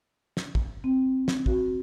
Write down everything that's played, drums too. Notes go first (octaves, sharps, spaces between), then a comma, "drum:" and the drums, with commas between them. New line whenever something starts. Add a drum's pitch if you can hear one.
drum: snare
drum: kick
C4
drum: snare
F#4, drum: kick